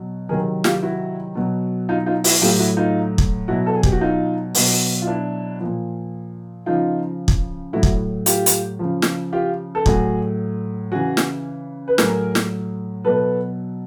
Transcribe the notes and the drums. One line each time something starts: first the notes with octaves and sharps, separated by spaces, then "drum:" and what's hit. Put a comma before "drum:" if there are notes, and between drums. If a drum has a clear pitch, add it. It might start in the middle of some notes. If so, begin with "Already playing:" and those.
Already playing: B2 F#3
C3 D#3 F#3 G#4 A#4
F4 G4, drum: snare
E4 F#4
B2 F#3
D#4 F4
D#4 F4
E4 F#4, drum: open hi-hat
A2 F#3 F4 G4
E4 F#4
D#4 F4
drum: kick
B2 F#3 E4 F#4
A4
G#4
G4, drum: kick
F#4
D#4 F4
B2 F#3, drum: open hi-hat
F4
D4 E4
A#2 F3
C#3 F3 D#4 F4
drum: kick
A2 F#3 E4 F#4
drum: kick
F4 G4, drum: hi-hat
drum: hi-hat
C#3 F3
drum: snare
F4 G4
A4
A2 F#3 F#4 G#4, drum: kick
C#3 E3 F#4 G#4
drum: snare
B4
A2 F#3 G#4 A#4, drum: snare
drum: snare
B2 F#3 A4 B4